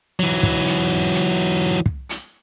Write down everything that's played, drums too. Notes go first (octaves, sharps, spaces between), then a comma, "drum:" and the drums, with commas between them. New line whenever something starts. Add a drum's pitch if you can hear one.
E3 F#3
drum: kick
drum: hi-hat
drum: hi-hat
drum: kick
drum: hi-hat